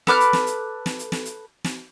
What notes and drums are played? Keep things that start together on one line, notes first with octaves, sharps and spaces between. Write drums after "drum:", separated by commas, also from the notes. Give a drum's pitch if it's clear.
A4 B4 D6 F6, drum: snare
drum: hi-hat
drum: snare
drum: hi-hat
drum: snare
drum: hi-hat
drum: snare
drum: hi-hat
drum: snare